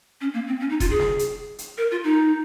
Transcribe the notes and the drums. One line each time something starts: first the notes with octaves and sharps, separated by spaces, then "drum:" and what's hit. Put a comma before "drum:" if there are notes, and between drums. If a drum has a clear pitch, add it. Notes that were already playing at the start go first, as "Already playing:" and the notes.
C#4
A#3
C4
C#4
D#4
F4, drum: kick E1, hi-hat
G#4
drum: snare
drum: hi-hat
drum: hi-hat
A#4
F4
D#4